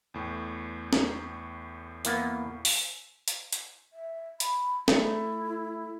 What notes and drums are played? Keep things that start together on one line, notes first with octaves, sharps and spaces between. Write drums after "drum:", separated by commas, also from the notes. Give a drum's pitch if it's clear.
E2 A2
drum: snare
E3 A#3 B3, drum: hi-hat
drum: open hi-hat
drum: hi-hat
drum: hi-hat
E5
B5, drum: hi-hat
A3 E4, drum: snare